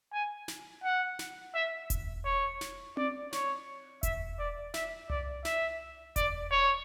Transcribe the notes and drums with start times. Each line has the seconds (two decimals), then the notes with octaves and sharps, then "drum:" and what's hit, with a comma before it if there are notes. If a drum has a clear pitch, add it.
0.13 G#5
0.48 drum: snare
0.83 F#5
1.19 drum: snare
1.55 E5
1.90 drum: kick E1, hi-hat
2.25 C#5
2.61 drum: snare
2.97 D5, drum: tom C4
3.33 C#5, drum: snare
4.03 E5, drum: kick E1, hi-hat
4.39 D5
4.74 E5, drum: snare
5.10 D5, drum: tom C2
5.45 E5, drum: snare
6.16 D5, drum: kick E1, hi-hat
6.51 C#5